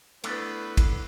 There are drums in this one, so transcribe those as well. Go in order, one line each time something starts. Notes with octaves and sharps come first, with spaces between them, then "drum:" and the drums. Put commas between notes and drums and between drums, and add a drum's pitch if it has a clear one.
A3 B3 D4 E4 B4, drum: cymbal
drum: kick, cymbal